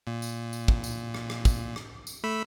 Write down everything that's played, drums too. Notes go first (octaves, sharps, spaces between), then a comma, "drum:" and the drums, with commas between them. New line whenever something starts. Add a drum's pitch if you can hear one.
A#2
drum: tambourine
drum: tambourine
drum: kick
drum: tambourine
drum: rim click
drum: rim click
drum: kick, tambourine
drum: rim click
drum: tambourine
A3 B5 E6